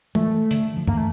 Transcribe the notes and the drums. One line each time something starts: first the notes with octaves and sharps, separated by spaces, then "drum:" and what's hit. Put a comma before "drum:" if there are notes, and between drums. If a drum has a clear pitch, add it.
E3 A3, drum: tom
D3, drum: hi-hat
F3
E3 A#3, drum: tom F#2
A3